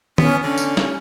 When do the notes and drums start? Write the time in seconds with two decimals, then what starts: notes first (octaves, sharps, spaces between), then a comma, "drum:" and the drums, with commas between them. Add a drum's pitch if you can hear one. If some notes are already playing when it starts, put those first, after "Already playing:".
0.18 B3 C#4, drum: tom D#3
0.43 D3 C#4
0.58 drum: tambourine
0.77 drum: snare